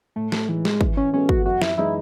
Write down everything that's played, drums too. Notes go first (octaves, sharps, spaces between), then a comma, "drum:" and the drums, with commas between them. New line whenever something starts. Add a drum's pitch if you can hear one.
A2 A3
A3, drum: snare
E3 G#3 D#4
G#3, drum: snare
E3, drum: kick
C#4
G#3 B3 C#4 F#4 A4
F#4, drum: kick
F#2 F#4
E4, drum: snare
E3 G#3 D#4 E4